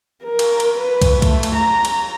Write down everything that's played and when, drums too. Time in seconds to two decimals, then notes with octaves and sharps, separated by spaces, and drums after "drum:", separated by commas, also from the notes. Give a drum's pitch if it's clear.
0.24 A#4
0.39 drum: cymbal
0.60 drum: cymbal
0.77 B4
1.02 drum: kick, cymbal
1.22 A3, drum: kick, cymbal
1.43 drum: cymbal
1.55 A#5
1.85 drum: cymbal